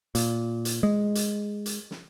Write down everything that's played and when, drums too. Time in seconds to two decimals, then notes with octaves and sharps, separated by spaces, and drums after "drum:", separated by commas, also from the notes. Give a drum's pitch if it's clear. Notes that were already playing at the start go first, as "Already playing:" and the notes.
0.15 A#2, drum: hi-hat
0.65 drum: hi-hat
0.83 G#3
1.15 drum: hi-hat
1.66 drum: hi-hat
1.91 drum: snare